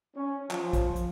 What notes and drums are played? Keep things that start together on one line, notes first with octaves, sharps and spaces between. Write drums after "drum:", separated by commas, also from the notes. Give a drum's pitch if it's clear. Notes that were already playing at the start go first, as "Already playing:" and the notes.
C#4
F3, drum: clap
drum: kick, hi-hat
drum: hi-hat